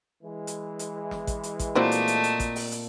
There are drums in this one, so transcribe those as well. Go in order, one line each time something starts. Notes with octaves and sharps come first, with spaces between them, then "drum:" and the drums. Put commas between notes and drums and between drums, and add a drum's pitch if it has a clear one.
E3 G#3
drum: hi-hat
drum: hi-hat
drum: snare
drum: kick, hi-hat
drum: hi-hat
drum: kick, hi-hat
A#2 A3 C4 E4 F#4 C5 D5 D#5
drum: hi-hat
drum: hi-hat
drum: hi-hat
drum: kick, hi-hat
drum: open hi-hat
drum: hi-hat